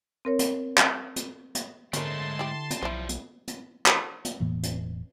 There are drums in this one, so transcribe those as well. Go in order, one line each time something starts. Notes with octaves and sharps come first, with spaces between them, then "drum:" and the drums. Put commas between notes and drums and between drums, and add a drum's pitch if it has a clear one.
C4 A#4 C#5
drum: hi-hat
drum: clap
drum: hi-hat
drum: hi-hat
G#2 D3 G#3 A3 C#4 A#4 A5 C6, drum: hi-hat
E4 G4
drum: hi-hat
B1 F3 G3 E4 C5
drum: hi-hat
drum: hi-hat
drum: clap
drum: hi-hat
E1 A2 E3 A#3
drum: hi-hat